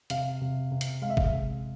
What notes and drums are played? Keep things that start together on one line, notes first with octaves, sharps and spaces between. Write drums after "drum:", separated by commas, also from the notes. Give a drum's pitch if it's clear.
C3 F5, drum: hi-hat
C3
C3
drum: hi-hat
G#3 F5
E5
F5, drum: kick
C3